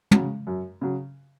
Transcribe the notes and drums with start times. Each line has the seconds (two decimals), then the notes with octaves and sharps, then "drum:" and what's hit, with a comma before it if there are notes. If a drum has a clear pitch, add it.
0.11 C#3 F#3, drum: tom
0.47 F#2
0.81 C#3 F#3